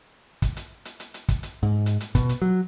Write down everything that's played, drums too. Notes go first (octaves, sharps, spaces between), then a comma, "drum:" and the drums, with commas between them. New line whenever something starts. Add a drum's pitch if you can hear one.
drum: kick, hi-hat
drum: hi-hat
drum: hi-hat
drum: hi-hat
drum: hi-hat
drum: kick, hi-hat
drum: hi-hat
G#2
drum: hi-hat
drum: hi-hat
B2, drum: kick, hi-hat
drum: hi-hat
F#3